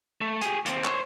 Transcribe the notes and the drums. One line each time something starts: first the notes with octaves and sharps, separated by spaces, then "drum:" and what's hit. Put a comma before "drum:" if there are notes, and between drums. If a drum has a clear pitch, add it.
A3
G4 G#4, drum: hi-hat
D#2 C4, drum: hi-hat
C5 C#5, drum: clap